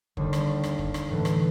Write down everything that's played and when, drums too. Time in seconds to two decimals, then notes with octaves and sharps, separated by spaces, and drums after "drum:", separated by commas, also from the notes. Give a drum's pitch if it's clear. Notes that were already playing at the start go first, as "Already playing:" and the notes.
0.17 D#2 D3 G3, drum: kick
0.33 drum: rim click
0.64 drum: rim click
0.79 drum: kick
0.94 drum: rim click
1.10 A2 E3 A3
1.25 drum: rim click